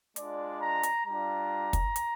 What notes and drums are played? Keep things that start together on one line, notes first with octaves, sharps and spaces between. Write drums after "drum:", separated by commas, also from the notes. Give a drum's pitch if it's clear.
G#3 D4 F4 D5, drum: hi-hat
A#5
drum: hi-hat
G3 D4 F4 A#5
drum: kick, hi-hat
drum: hi-hat